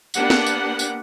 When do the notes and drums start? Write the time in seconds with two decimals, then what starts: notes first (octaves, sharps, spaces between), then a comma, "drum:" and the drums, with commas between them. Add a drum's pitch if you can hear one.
0.14 A#3 B3 D4 G4 F#5, drum: tambourine
0.30 drum: snare
0.46 drum: tambourine
0.79 drum: tambourine